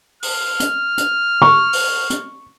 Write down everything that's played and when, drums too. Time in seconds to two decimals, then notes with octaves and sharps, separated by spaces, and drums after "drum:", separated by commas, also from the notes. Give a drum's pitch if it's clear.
0.22 F6, drum: open hi-hat
0.60 drum: hi-hat
0.98 drum: hi-hat
1.42 C#6
1.73 drum: open hi-hat
2.10 drum: hi-hat